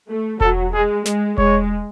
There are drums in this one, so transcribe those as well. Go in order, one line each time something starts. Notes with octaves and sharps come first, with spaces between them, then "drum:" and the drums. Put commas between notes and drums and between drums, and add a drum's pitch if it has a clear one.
A3
F#3 A4, drum: kick E1
G#3 G#4
G#3, drum: snare
G#3 C#5, drum: kick E1